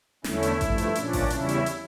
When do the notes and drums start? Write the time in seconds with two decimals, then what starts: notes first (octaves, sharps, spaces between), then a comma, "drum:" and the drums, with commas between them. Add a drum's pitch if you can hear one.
0.24 E2 D3 A3 C#4 E4, drum: snare
0.43 drum: hi-hat
0.61 G2 F3 A3, drum: kick A1, hi-hat
0.78 drum: hi-hat
0.95 A#2 F3 C#4 D4, drum: hi-hat
1.13 drum: kick A1, open hi-hat
1.30 E2 C#3 G3 C#4 E4, drum: hi-hat
1.49 drum: hi-hat
1.66 drum: hi-hat